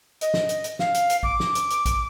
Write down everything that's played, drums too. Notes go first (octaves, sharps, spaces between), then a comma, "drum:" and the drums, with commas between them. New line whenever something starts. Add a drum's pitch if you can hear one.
D#5, drum: hi-hat
drum: snare
drum: hi-hat
drum: hi-hat
F5, drum: snare
drum: hi-hat
drum: hi-hat
D6, drum: kick A1
drum: snare
drum: hi-hat
drum: hi-hat
drum: kick A1, hi-hat